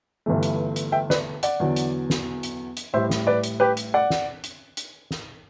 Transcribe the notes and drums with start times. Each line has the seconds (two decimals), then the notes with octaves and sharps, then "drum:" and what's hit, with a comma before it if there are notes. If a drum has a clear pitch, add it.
0.26 G1 G2 E3 A3
0.43 drum: hi-hat
0.76 drum: hi-hat
0.92 E5 G5
1.10 B4 D5, drum: snare
1.43 D5 F#5, drum: hi-hat
1.60 E2 D3 F#3
1.76 drum: hi-hat
2.10 drum: snare
2.43 drum: hi-hat
2.77 drum: hi-hat
2.93 A1 A2 G3 C5 E5
3.10 drum: snare
3.27 B4 D5
3.44 drum: hi-hat
3.60 G4 B4
3.77 drum: hi-hat
3.94 D5 F#5
4.10 drum: snare
4.44 drum: hi-hat
4.77 drum: hi-hat
5.11 drum: snare